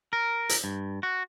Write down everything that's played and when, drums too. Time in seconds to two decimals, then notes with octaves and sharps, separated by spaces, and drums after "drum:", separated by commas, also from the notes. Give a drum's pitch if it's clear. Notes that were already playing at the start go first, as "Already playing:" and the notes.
0.13 A#4
0.49 drum: hi-hat
0.64 G2
1.03 F#4